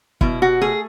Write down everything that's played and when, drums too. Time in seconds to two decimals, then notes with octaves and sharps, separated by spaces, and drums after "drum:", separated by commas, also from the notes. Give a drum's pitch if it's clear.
0.21 B2 E4, drum: kick
0.42 F#4
0.61 A3 G#4